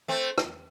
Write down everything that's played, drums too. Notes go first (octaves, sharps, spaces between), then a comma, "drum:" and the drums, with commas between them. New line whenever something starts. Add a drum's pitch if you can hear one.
A3 C4
drum: rim click